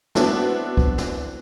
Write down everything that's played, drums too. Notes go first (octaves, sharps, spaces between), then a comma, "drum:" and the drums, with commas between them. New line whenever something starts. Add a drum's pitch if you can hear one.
B3 C4 D4 E4 F#4, drum: snare
drum: kick
drum: snare